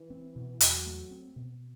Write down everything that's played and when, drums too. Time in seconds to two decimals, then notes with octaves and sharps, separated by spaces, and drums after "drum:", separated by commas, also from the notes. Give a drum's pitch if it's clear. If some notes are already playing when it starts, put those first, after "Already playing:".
Already playing: E3
0.10 C4
0.36 B2
0.60 E2 F#3, drum: hi-hat
0.86 A3
1.11 C4
1.36 B2